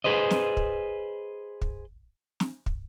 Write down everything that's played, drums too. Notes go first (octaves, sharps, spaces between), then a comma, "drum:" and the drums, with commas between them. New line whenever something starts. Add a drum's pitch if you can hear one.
G#4 B4 C5 D#5
drum: snare
drum: kick
drum: kick
drum: snare
drum: kick